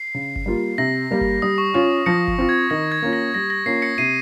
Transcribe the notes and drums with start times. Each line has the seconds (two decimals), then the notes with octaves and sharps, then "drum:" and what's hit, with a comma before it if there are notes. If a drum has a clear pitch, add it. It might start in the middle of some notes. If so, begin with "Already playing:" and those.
Already playing: C7
0.14 C#3
0.36 drum: kick G1
0.46 G3 A#3 F4
0.78 C3 A#6
1.11 G3 A#3
1.21 drum: kick G1
1.42 G3 D#6
1.58 C#6
1.74 C#4 F4
2.06 F3 A#6 C#7
2.28 drum: kick G1
2.38 C4 F4
2.49 G#6
2.70 D#3 A#6
2.92 G#6
3.02 A#3 C#4 F4
3.13 A#6
3.34 G3 A#6
3.50 A#6
3.66 A#3 C#4 F4 C7
3.82 A#6 C#7
3.98 C3 C7 D#7